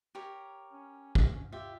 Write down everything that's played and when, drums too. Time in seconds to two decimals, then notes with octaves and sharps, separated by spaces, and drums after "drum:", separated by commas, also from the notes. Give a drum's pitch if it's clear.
0.15 G4 A#4 C#5
0.73 C#4
1.15 drum: kick
1.52 F4 G4 E5